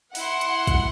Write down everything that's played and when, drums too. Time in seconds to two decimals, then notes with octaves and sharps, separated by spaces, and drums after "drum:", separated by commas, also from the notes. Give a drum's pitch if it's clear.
0.15 E4 F#5 C6, drum: open hi-hat
0.41 drum: hi-hat
0.67 drum: kick A#1, hi-hat